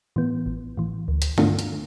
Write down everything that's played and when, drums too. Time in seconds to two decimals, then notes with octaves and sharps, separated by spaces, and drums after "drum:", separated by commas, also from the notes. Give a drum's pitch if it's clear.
0.16 A2 E3 B3
0.46 A1
0.77 A2 E3
1.08 D2
1.22 drum: hi-hat
1.38 D3 A3 D4 F4, drum: tom
1.59 drum: hi-hat